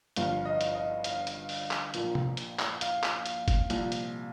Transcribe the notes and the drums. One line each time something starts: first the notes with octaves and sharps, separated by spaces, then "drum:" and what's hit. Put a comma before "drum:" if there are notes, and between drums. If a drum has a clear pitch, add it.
G1 G2 F3 F5, drum: hi-hat
D#5
drum: hi-hat
D#5
F5, drum: hi-hat
drum: hi-hat
drum: open hi-hat
drum: clap
A#1 A#2 F3 A#3, drum: hi-hat
drum: tom C3
drum: hi-hat
drum: clap
F5, drum: hi-hat
drum: clap
drum: hi-hat
drum: kick, hi-hat
C2 A#2 F3, drum: hi-hat
drum: hi-hat